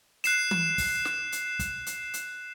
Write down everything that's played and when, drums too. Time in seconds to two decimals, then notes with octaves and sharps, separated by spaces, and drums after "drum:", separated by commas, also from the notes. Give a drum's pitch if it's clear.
0.24 F#6 C7 E7, drum: hi-hat
0.51 drum: tom E3
0.78 drum: kick, open hi-hat
1.05 drum: snare
1.32 drum: hi-hat
1.59 drum: kick, hi-hat
1.86 drum: hi-hat
2.14 drum: hi-hat